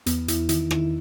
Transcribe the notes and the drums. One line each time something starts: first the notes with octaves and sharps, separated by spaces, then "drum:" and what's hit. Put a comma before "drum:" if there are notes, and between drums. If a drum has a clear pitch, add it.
E2 B3, drum: hi-hat
E2 E4, drum: hi-hat
D#3 E4, drum: hi-hat
D#3 E4, drum: rim click